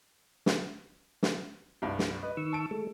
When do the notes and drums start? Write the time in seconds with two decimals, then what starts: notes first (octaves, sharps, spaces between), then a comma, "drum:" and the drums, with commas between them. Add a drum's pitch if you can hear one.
0.46 drum: snare
1.23 drum: snare
1.82 C2 G2
1.99 drum: snare
2.23 B4 D#5
2.37 D#3 C#6 E6
2.53 A5 D7
2.71 G#3 A3